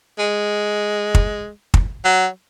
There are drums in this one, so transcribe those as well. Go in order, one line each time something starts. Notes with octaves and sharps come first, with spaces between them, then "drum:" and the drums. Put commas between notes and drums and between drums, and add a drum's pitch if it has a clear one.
G#3
drum: kick
drum: kick
F#3